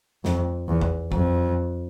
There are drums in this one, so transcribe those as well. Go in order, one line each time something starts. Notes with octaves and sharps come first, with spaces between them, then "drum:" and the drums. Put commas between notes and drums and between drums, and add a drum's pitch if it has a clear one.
F2, drum: snare
E2
drum: kick
F2, drum: kick